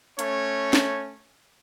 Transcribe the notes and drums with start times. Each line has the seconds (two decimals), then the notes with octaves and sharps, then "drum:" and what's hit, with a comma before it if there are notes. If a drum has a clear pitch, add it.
0.19 A3 C#4 C#5, drum: hi-hat
0.73 drum: snare